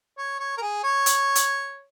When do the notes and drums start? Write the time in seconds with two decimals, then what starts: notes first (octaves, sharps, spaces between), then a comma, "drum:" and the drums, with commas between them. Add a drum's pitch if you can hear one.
0.18 C#5
0.40 C#5
0.57 A#4
0.62 G#4
0.84 C#5
1.06 drum: hi-hat
1.35 drum: hi-hat